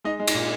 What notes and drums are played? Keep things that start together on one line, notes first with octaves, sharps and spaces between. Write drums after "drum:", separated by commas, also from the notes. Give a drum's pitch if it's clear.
G#3 D#4 D#5
G#3
D#4 D#5, drum: cymbal
A#2